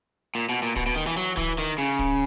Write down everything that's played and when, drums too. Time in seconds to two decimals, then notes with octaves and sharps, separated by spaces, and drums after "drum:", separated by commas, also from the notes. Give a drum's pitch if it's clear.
0.35 A#2, drum: hi-hat
0.49 B2
0.63 A#2
0.76 B2, drum: kick, hi-hat
0.86 B2
0.96 D#3
1.07 E3
1.17 F#3, drum: hi-hat
1.37 E3, drum: kick, hi-hat
1.58 D#3, drum: hi-hat
1.78 C#3, drum: hi-hat
1.99 drum: kick, hi-hat